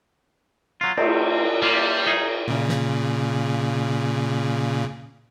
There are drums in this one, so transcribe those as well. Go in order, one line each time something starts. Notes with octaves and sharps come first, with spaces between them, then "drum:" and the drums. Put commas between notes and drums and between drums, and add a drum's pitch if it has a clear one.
F#3 F4
A3 C4, drum: cymbal
G3 A#3 F4
D#4 G#4
A#2 C#3
drum: snare